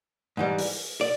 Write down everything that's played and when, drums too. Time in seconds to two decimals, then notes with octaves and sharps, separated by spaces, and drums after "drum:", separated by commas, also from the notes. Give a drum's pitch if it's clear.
0.37 G#2 E3 G3
0.58 drum: open hi-hat
1.01 D5